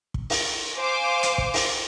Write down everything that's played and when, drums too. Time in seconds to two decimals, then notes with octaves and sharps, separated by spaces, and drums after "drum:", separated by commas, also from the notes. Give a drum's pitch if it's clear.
0.14 drum: kick
0.30 drum: open hi-hat
0.76 C5 F5 G#5 D6
1.23 drum: hi-hat
1.38 drum: kick
1.54 drum: open hi-hat